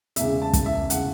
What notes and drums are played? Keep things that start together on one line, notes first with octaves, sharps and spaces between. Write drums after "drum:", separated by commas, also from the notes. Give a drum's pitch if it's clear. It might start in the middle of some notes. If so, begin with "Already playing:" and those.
E1 E2 C#3 E5, drum: hi-hat
A5
drum: kick, hi-hat
E5
C#3 F#5, drum: hi-hat